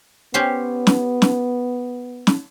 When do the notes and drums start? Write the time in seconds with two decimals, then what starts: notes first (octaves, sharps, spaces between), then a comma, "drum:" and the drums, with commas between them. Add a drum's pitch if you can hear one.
0.34 B3 C#4 G4 C5
0.87 drum: snare
1.22 drum: snare
2.27 drum: snare